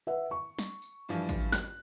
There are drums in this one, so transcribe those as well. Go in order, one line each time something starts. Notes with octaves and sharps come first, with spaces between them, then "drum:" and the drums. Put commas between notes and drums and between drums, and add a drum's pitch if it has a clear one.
B4 E5 F#5
C#6
drum: snare
drum: tambourine
G2 E3 F3
drum: kick, tambourine
F#6, drum: snare